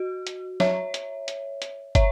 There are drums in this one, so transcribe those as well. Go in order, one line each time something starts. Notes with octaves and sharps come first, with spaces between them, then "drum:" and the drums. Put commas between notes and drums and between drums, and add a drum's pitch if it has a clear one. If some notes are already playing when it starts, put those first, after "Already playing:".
Already playing: F#4
drum: hi-hat
C#5 E5, drum: snare F#3
drum: hi-hat
drum: hi-hat
drum: hi-hat
C#5 E5, drum: kick, hi-hat